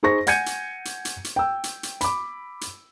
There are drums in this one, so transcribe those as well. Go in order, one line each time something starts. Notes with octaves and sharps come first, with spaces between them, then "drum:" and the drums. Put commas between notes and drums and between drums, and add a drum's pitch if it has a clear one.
D#4 G#4 C5 C#6 A#6
F#5 G#5 G6 G#6 C#7 D#7, drum: hi-hat
drum: hi-hat
drum: hi-hat
drum: hi-hat
drum: hi-hat
G5 E6
drum: hi-hat
drum: hi-hat
B5 D6, drum: hi-hat
drum: hi-hat